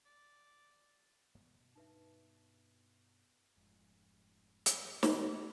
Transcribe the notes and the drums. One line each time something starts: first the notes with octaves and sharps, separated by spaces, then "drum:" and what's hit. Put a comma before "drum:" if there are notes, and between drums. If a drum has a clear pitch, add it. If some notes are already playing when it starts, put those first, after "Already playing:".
D5
G2 B2 B3
D#4 B4 E5
F1 F2 G#2
drum: hi-hat
drum: snare